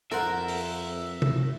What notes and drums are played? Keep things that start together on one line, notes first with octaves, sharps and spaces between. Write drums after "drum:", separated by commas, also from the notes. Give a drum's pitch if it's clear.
F2 A4 A#4 C5 E5 F#5
drum: open hi-hat
drum: tom